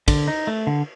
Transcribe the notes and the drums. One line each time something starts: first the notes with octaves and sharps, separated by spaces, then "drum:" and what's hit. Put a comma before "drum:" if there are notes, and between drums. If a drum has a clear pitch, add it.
D3, drum: kick, cymbal
D#4
A3
D3